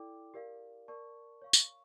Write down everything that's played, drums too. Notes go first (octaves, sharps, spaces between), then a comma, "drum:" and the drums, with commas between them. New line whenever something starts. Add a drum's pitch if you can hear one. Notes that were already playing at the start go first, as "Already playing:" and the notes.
Already playing: E4 A4 D5 G5 D6
G4 A#4 D5 F5
A#4 D5 A5 C#6
C#5 F5 C#6
drum: tambourine